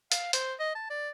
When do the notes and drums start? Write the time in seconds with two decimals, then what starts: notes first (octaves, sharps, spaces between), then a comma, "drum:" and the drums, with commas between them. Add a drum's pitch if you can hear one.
0.12 F5, drum: hi-hat
0.33 C5, drum: hi-hat
0.60 D#5
0.75 A5
0.90 D5